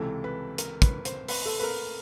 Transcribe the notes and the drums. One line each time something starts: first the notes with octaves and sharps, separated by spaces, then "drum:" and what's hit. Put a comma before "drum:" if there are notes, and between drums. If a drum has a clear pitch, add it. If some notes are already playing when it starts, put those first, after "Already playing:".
Already playing: C#2 C3 E3 A4
B4
A#4, drum: hi-hat
B4, drum: kick, hi-hat
C5, drum: hi-hat
B4, drum: open hi-hat
A4
B4
A#4